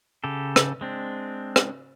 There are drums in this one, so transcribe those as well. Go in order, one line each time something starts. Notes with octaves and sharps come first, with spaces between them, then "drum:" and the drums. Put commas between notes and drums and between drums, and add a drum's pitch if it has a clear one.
C#3 G4 A4
drum: rim click
G#3 C4 D4
drum: rim click